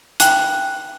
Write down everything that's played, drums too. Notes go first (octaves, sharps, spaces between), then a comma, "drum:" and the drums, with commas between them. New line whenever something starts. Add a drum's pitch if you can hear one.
G5 F#6, drum: hi-hat